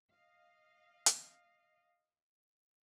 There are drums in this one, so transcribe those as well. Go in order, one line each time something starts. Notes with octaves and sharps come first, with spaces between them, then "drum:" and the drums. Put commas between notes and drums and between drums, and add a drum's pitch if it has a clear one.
D#5 F5
drum: hi-hat